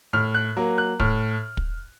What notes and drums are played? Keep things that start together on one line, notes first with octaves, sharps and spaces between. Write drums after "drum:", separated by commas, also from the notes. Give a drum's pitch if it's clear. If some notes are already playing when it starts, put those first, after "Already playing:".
A2 F6
F#6
F#3 A#3
F#6
A2 F6, drum: kick
drum: kick